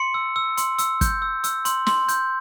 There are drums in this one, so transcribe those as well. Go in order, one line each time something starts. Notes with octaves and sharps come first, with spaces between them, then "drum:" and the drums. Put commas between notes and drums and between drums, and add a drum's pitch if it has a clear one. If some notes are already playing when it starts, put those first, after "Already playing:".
Already playing: C6 C#7
E6
E6
C6, drum: hi-hat
E6, drum: hi-hat
G6, drum: kick, hi-hat
E6
E6, drum: hi-hat
C6, drum: hi-hat
C6, drum: snare
G6, drum: hi-hat